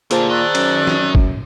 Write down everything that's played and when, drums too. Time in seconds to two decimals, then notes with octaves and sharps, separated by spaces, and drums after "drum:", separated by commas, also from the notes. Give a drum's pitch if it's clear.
0.11 A#2 A3 D4 G#4 C5 A5, drum: hi-hat
0.30 D#3 D5 E6 F#6
0.55 F#2, drum: cymbal
0.87 drum: snare
1.15 drum: kick